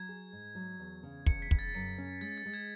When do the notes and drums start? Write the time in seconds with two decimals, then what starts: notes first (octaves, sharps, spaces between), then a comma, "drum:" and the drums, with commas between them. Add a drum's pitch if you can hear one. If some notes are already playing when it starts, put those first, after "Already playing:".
Already playing: F#3 G#6
0.09 G#4
0.32 G#2
0.55 F#3
0.79 E2
1.03 C#3
1.26 E2 C#7, drum: kick
1.42 B6
1.51 C#3, drum: kick
1.59 A6
1.75 F#2 C#7
1.98 C#4
2.21 G#3 A6
2.38 A6
2.46 G#3
2.54 G#6